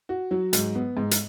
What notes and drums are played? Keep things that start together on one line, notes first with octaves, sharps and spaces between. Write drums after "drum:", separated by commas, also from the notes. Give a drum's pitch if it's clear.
F#4
F#3
G#2, drum: hi-hat
B3
G#2
drum: hi-hat